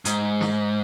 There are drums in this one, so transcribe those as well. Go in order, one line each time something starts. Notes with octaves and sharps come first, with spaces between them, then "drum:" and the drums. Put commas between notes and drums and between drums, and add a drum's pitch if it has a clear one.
G#2, drum: hi-hat
drum: snare